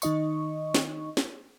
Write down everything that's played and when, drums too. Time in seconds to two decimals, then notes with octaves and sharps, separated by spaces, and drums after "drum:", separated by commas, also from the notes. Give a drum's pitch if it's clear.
0.02 D#3 D#4 D#5 C#6, drum: tambourine
0.74 drum: snare
1.17 drum: snare